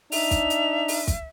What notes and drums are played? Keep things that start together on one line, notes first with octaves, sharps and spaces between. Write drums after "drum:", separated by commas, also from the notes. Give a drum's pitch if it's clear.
D4 D#4 E5 F7, drum: open hi-hat
drum: kick, hi-hat
drum: hi-hat
drum: open hi-hat
drum: kick, hi-hat